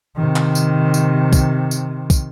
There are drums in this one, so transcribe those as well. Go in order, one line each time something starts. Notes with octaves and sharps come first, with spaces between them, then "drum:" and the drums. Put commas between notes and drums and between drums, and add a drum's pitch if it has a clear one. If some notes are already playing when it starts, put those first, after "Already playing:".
C3 D#3
drum: clap
drum: tambourine
drum: tambourine
drum: kick, tambourine
drum: tambourine
drum: kick, tambourine